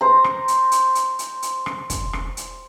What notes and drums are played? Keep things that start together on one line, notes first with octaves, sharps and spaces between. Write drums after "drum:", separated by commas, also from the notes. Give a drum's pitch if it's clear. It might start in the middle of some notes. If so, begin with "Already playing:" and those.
C5 A#5
drum: rim click
drum: hi-hat
drum: hi-hat
drum: hi-hat
drum: hi-hat
drum: hi-hat
drum: rim click
drum: kick, hi-hat
drum: rim click
drum: hi-hat